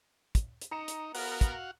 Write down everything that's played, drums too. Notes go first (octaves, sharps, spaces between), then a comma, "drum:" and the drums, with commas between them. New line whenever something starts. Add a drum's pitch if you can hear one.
drum: kick, hi-hat
drum: hi-hat
D#4 A#5 C#7 E7
drum: hi-hat
B3 F#4 A#4 F5 F#5, drum: open hi-hat
drum: kick, hi-hat